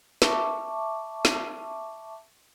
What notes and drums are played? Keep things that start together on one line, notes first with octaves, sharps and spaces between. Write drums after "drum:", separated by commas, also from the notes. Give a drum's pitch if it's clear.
E5 A5 C#6 D6, drum: snare
drum: snare